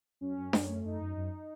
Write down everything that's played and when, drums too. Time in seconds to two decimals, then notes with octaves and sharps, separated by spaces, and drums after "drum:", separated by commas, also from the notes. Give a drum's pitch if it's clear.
0.21 F#2 C#4
0.37 F#2
0.53 F#2, drum: snare D4
0.69 A3
0.85 F#2 D#4
1.01 F#2
1.16 F#2